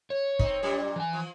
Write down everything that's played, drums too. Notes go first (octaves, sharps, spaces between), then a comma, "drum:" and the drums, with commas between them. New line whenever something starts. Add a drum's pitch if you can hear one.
C#5
C4 D#4, drum: kick
F#2 A#2 G3
E3 G#5
F3